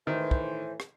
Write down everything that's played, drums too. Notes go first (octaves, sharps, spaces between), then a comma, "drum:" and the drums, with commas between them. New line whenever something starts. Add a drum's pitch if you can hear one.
A2 D#3 E3 C5
drum: kick
drum: rim click